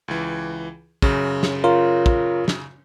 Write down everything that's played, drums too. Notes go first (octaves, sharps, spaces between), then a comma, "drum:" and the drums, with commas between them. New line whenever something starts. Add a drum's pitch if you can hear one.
C#2 E3
F#2 C#3 C#5, drum: kick
drum: snare
F4 A#4 C#5
drum: kick
drum: snare